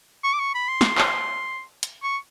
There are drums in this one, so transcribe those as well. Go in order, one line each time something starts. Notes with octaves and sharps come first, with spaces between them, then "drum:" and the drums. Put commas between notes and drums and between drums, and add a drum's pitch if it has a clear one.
C#6
D6
C#6
B5
C6
drum: snare
drum: clap
drum: hi-hat
C#6